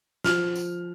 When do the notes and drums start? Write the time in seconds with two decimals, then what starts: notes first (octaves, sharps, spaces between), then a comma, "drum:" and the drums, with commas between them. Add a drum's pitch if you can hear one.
0.24 F3 F6, drum: snare
0.55 drum: tambourine